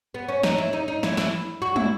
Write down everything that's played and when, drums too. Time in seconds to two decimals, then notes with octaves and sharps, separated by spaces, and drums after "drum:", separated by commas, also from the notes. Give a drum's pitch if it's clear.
0.14 B3
0.28 C#4
0.43 D#4, drum: snare
0.58 E4
0.73 D#4
0.88 D#4
1.03 E4, drum: snare
1.17 E4, drum: snare
1.62 F#4
1.76 E4, drum: tom